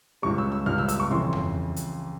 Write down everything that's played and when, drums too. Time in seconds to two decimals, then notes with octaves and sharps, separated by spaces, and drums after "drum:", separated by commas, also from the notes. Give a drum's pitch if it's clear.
0.22 C#2 C#3 G3 C#6
0.38 E6
0.52 E6
0.66 C#2 C#3 G3 F6
0.78 E6
0.88 E6, drum: hi-hat
1.00 C#6
1.10 F2 C#3 E3 C6
1.33 drum: tom F2
1.76 drum: hi-hat